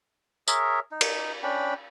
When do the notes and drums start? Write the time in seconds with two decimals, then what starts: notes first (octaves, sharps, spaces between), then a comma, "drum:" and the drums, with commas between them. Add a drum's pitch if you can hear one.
0.48 G#4 A#4 C#5 E5, drum: tambourine
0.91 D#4
1.01 drum: cymbal
1.43 C#4 D4 G5 B5